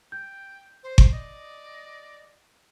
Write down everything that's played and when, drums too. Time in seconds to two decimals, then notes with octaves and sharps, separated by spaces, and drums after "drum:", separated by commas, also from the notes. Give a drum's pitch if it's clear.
0.12 G5 G6
0.83 C5
0.98 drum: kick G1
1.12 D5 D#5